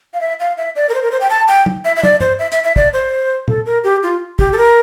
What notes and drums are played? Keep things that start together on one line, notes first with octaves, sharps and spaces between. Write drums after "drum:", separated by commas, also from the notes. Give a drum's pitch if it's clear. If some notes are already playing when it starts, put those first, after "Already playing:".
F5
E5
F5
E5
D5
A#4
C5
A#4
C5
G5
A5
G5
drum: tom
E5
E5
D5, drum: tom
C5, drum: tom G2
E5
E5, drum: hi-hat
E5
D5, drum: kick
C5
A4, drum: tom
A#4
G4
F4
G4, drum: kick
A4
A#4